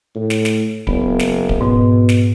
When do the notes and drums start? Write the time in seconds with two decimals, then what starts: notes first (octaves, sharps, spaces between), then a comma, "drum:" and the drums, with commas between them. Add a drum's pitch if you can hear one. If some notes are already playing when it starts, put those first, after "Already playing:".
0.15 A2
0.30 drum: snare
0.45 drum: snare
0.87 F#1 B3, drum: kick D1
1.19 drum: snare
1.49 drum: kick D1
1.61 G#2 B2
2.09 drum: snare